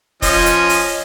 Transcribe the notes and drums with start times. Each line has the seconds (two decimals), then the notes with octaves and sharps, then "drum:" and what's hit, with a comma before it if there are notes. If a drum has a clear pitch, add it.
0.22 F3 C#4 D#5, drum: kick, open hi-hat
0.46 drum: hi-hat
0.69 drum: open hi-hat